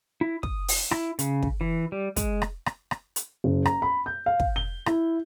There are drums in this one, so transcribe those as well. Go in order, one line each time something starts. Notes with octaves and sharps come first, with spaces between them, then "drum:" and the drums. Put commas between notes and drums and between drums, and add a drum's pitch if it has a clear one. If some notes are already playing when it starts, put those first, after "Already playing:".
E4
D#6, drum: kick
drum: open hi-hat
E4, drum: rim click
C#3, drum: hi-hat
drum: kick
E3
G3
G#3, drum: kick, hi-hat
drum: rim click
drum: rim click
drum: rim click
drum: hi-hat
F#1
A#5, drum: rim click
B5
G6
F5
drum: kick
G7
E4, drum: rim click